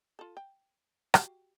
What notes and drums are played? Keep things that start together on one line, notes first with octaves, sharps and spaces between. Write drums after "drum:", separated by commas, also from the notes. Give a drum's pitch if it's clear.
F4 A4
G5
F#4 G4 F5, drum: rim click